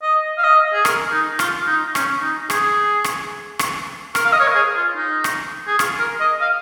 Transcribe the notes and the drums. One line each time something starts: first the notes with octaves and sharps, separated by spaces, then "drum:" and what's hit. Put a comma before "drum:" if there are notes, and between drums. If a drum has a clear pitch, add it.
D#5
F5
D#5
G#4
A#4, drum: rim click
D#4
F4, drum: rim click
D#4
C#4, drum: rim click
D#4
G#4, drum: rim click
drum: rim click
drum: rim click
A#4, drum: rim click
F5
D#5
C#5
A#4
G#4
F4
D#4
drum: rim click
G#4
F4, drum: rim click
A#4
D#5
F5